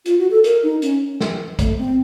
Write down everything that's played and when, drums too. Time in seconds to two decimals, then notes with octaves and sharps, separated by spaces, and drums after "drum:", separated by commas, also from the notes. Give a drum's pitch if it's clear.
0.06 F4, drum: hi-hat
0.18 F#4
0.31 A4
0.44 A#4, drum: hi-hat
0.63 D#4
0.82 C#4, drum: hi-hat
1.21 drum: snare
1.59 A3, drum: kick, hi-hat
1.78 C4